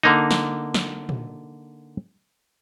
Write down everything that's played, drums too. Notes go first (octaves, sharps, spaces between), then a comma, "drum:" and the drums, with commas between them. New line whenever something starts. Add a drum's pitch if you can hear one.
D3 A#3 D#4
drum: snare
drum: snare
drum: tom A#2